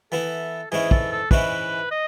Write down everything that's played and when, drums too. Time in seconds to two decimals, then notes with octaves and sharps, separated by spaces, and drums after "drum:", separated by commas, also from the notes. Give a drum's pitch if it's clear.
0.12 E3 B3 E4 A4
0.71 G#2 E3 G#3 C#4 E4 G#4
0.91 A4, drum: kick
1.12 A4
1.31 G#2 E3 G#3 C#4 E4 B4, drum: kick
1.91 D#5